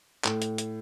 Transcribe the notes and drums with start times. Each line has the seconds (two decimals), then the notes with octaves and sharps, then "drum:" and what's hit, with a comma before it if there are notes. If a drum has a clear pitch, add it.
0.25 A2, drum: clap
0.42 drum: hi-hat
0.58 drum: hi-hat